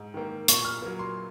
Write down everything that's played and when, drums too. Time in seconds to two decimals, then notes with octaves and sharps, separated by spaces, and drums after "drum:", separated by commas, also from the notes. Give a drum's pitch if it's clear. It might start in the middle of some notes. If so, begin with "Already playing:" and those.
Already playing: G#2
0.14 D#3 A#3
0.48 A#2 C#6, drum: hi-hat
0.65 F6
0.82 F#3 A#3
0.99 C6